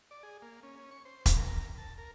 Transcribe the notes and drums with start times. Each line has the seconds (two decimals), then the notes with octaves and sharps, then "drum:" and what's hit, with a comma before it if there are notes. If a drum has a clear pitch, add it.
0.11 D5
0.23 G#4
0.42 A#3
0.63 C#4
0.91 C#6
1.05 C5
1.26 drum: kick E1, hi-hat
1.37 A#4
1.78 A5
1.98 A#4